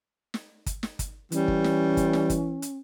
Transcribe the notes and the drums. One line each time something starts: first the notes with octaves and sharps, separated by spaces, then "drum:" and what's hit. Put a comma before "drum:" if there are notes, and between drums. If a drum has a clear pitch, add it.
drum: snare
drum: kick, hi-hat
drum: snare
drum: kick, hi-hat
E3 G3 C#4, drum: hi-hat
drum: kick
drum: snare
drum: kick, hi-hat
drum: snare
drum: kick, hi-hat
drum: hi-hat